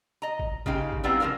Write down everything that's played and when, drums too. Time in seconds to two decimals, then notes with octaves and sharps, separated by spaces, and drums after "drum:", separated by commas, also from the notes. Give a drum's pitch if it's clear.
0.22 D#5 A#5
0.39 drum: kick G#1
0.66 C#3 G#3 A#3 D#4 G4, drum: kick G#1
0.92 drum: kick G#1
1.04 G3 B3 C4 D#4 E4 F5
1.20 C#3 F3 C4 A#4 F5